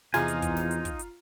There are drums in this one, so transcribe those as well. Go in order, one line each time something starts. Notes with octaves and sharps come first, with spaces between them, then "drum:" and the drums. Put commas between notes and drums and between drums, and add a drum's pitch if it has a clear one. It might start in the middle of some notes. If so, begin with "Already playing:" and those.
E2 C3 F3 D#4 F4 G#4 G#5 A#5, drum: snare
drum: hi-hat
drum: kick, hi-hat
drum: snare
drum: hi-hat
drum: kick, hi-hat
drum: hi-hat